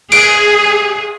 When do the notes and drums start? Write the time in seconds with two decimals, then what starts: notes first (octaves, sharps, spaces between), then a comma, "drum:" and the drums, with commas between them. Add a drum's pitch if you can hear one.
0.12 G#4 D7, drum: cymbal